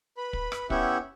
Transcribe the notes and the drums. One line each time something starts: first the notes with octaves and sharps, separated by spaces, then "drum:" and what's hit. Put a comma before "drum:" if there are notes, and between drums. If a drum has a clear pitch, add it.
B4 B5
drum: kick
drum: rim click
B3 C#4 E4 G4 E5 F#5, drum: kick